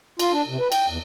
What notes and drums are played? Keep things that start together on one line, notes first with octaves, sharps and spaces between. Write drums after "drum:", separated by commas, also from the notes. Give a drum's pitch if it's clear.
F4, drum: cymbal
D4
C3
B4
G5, drum: cymbal
E2